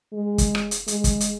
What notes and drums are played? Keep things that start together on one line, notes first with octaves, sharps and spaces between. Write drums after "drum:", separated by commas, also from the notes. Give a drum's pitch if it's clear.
G#3
drum: kick, hi-hat
drum: rim click
drum: hi-hat
G#3, drum: hi-hat
drum: kick, hi-hat
drum: hi-hat